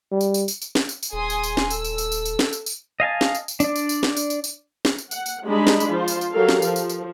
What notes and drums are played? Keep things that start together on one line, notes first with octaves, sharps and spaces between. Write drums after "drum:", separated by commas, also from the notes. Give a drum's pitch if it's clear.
G3
drum: tambourine
drum: tambourine
drum: tambourine
drum: tambourine
drum: snare
drum: tambourine
drum: tambourine
D#1 G#4 G#5 C6 D#6
drum: tambourine
drum: tambourine
drum: snare
A4 E6, drum: tambourine
drum: tambourine
drum: tambourine
drum: tambourine
drum: tambourine
drum: snare
drum: tambourine
drum: tambourine
D#5 F5 G#5 A5
drum: snare
drum: tambourine
drum: tambourine
D4 D5, drum: tambourine
drum: tambourine
drum: tambourine
drum: snare
drum: tambourine
drum: tambourine
drum: tambourine
drum: snare
drum: tambourine
F#5, drum: tambourine
drum: tambourine
G3 G#3 D4 D#4 D#5 B5
drum: snare
drum: tambourine
F3 F4 C5
drum: tambourine
drum: tambourine
F#3 G4 A4 A#4 F5
drum: snare
F3, drum: tambourine
drum: tambourine
drum: tambourine